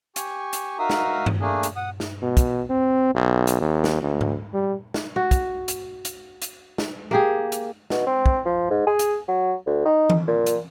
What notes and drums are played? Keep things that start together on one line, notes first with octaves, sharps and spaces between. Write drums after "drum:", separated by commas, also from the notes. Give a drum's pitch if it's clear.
G4 G#5 C#6, drum: hi-hat
drum: hi-hat
D#4 F#4 A#4 E5 F5 D#6
drum: snare
drum: tom G2
A3 A#3 D4 G#4
drum: hi-hat
F#5 D#6
drum: snare
B2
drum: kick, hi-hat
C4
B1
drum: hi-hat
D#2
drum: snare
D2
drum: tom G#2
G3
drum: snare
F#4
drum: kick, hi-hat
drum: hi-hat
drum: hi-hat
drum: hi-hat
drum: snare
A#3 G4 G#4
drum: hi-hat
B2, drum: snare
C4
drum: kick
F3
G#2
G#4
drum: hi-hat
F#3
D2
D#4
drum: tom E3
A#2
drum: hi-hat